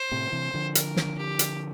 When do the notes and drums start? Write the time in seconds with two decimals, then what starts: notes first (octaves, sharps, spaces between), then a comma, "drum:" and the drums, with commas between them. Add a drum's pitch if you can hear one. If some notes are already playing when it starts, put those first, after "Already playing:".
Already playing: C5
0.11 A2 C3
0.32 C3 E3
0.54 D3 F3
0.75 A#4, drum: hi-hat
0.97 drum: snare
1.18 G4
1.39 drum: hi-hat